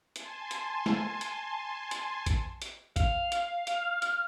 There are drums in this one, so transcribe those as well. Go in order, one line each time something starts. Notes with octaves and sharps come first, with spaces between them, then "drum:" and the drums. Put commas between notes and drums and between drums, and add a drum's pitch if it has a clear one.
G#5 A5 C6, drum: hi-hat
drum: hi-hat
drum: snare
drum: hi-hat
drum: hi-hat
drum: kick A1, hi-hat
drum: hi-hat
F5, drum: kick A1, hi-hat
drum: hi-hat
drum: hi-hat
drum: hi-hat